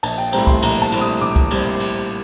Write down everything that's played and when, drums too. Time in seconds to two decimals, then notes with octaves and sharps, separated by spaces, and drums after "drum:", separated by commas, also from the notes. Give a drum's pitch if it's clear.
0.03 A#1 A5, drum: cymbal
0.18 G5
0.32 A2 G3 C4 A#5, drum: cymbal
0.47 C6, drum: kick C2
0.62 A#1 A#5, drum: cymbal
0.82 A5
0.92 A2 G3 C4, drum: cymbal
1.01 D#6
1.21 A#1 D6
1.36 drum: kick C2
1.51 A2 G3 C4, drum: cymbal
1.80 drum: cymbal